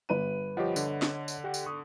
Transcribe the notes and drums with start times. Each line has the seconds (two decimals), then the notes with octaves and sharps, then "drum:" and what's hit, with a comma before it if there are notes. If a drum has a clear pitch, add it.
0.09 G1 B4 D#7
0.57 F3 G4 C#5 D#5 F#5
0.76 D3, drum: tambourine
1.02 drum: snare
1.28 drum: tambourine
1.44 G4 F#5 G5
1.54 drum: tambourine
1.66 C#6 D#6